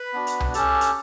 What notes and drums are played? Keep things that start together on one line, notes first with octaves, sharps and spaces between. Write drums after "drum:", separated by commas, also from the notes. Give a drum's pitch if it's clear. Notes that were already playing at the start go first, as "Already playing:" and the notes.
Already playing: B4 B5
B3 D4 F#4
drum: hi-hat
drum: tom C2
C#4 G4 A4 A5, drum: hi-hat
drum: hi-hat